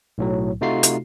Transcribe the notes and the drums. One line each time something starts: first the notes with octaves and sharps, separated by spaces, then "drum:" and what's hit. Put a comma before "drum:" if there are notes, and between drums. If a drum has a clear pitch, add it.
B1 A2 F#3
C3 A3 D#4 F4 F#4 C7
drum: hi-hat